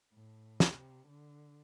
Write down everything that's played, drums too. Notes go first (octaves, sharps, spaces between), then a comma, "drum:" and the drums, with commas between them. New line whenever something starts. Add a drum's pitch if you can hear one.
A2
C3, drum: snare
D3